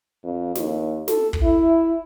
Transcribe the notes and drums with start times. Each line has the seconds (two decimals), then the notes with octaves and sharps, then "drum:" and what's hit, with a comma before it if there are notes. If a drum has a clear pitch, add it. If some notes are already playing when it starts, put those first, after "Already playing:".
0.24 F2
0.55 D#2, drum: snare
1.08 A4, drum: snare
1.33 drum: kick
1.43 E4